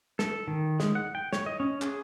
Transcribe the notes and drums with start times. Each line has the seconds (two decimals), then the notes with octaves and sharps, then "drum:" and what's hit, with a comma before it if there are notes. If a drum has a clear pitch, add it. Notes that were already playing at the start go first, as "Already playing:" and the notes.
0.19 A4, drum: snare
0.48 D#3
0.80 G#3, drum: snare
0.95 F#5
1.15 G5
1.33 C#5, drum: snare
1.46 D#5
1.60 C#4
1.82 G#4, drum: clap